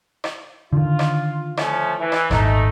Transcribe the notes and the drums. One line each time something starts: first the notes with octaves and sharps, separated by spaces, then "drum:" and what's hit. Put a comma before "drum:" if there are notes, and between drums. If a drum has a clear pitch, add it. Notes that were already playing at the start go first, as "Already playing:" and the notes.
drum: rim click
D3 D#3 F4
drum: rim click
F3 A3 C#4, drum: rim click
E3
drum: rim click
D#1 G#1 A3 D#4, drum: rim click